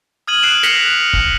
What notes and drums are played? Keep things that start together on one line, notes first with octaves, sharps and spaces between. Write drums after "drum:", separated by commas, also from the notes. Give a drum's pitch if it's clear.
D#6 F6 G#6 D#7 F#7
F#6 C7 D7 E7
F#6 A#6 B6 C#7 F7 G7, drum: snare
drum: kick D1